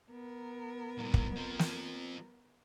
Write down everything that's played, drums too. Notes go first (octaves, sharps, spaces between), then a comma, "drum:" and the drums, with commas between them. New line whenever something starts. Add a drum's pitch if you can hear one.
B3 A#4
G2 A#2
drum: kick
F3 C4
drum: snare